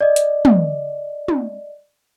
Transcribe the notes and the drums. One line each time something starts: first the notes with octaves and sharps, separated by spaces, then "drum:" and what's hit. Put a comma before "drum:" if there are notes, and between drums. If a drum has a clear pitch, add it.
D5 D#5
drum: hi-hat
drum: tom
drum: tom